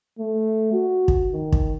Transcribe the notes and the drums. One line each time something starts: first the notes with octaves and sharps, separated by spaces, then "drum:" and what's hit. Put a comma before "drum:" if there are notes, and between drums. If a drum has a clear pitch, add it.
A3
F#4
drum: kick
D#3
drum: kick